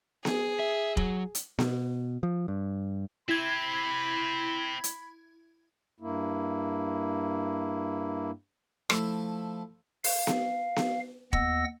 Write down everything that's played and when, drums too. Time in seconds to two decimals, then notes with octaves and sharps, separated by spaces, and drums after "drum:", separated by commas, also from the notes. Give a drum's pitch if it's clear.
0.25 G#4, drum: snare B3
0.60 E5
0.97 F#3, drum: kick E1
1.35 drum: hi-hat
1.59 B2, drum: snare B3
2.23 F3
2.48 G2
3.29 C4 E4 G4 B5 G#6
4.84 drum: hi-hat
6.00 G2 A#3 E4
8.90 F3 A3 E4, drum: rim click
10.04 F5, drum: open hi-hat
10.27 drum: snare B3
10.76 drum: snare B3
11.33 D#2 B3 D#5 F#5 E6 A#6, drum: kick E1